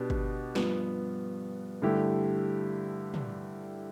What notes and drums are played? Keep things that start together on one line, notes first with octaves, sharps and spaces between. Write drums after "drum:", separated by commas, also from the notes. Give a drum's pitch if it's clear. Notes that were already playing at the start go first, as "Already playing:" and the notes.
Already playing: B2 B3 D4 G4
drum: kick
G2 F3 B3, drum: snare
G2 D3 A3 E4 G4
drum: tom